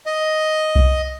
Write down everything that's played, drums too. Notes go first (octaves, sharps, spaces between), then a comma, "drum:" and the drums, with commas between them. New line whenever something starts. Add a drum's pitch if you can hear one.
D#5
drum: kick C2